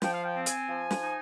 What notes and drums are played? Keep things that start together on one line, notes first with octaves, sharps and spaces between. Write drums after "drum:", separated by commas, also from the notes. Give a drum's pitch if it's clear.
F3 G5, drum: snare
F5
G5
C4
G#5, drum: hi-hat
F3
drum: snare
D#4